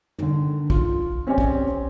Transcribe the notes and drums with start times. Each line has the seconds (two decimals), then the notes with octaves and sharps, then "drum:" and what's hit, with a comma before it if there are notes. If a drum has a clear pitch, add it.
0.18 D3 D#3, drum: tom
0.70 F4, drum: kick
1.27 C4 C#4 G4 C#5 D5 G#5
1.38 drum: kick